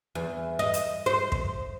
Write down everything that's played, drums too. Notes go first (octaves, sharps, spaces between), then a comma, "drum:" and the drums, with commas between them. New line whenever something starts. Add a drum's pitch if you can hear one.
E2
D#5
drum: hi-hat
C5
drum: kick